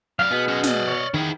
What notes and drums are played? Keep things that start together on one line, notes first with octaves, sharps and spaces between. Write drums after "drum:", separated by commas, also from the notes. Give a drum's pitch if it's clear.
F#2 D5 F5 F6
B2 B3 G#4
C#4 F#4
D5 D#5, drum: snare
C#5
D#3 E4 G#4 G5